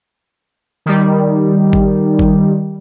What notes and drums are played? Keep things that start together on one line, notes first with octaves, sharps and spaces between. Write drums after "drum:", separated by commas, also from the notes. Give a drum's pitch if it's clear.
D#3 G3
drum: kick G#1
drum: kick G#1